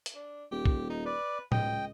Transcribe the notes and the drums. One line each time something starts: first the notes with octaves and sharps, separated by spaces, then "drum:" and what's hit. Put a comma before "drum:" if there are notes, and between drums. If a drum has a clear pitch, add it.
drum: hi-hat
D4
D#1 G4
drum: kick A#1
D#4
B4 D5
C#2 D#5 G5, drum: tom A2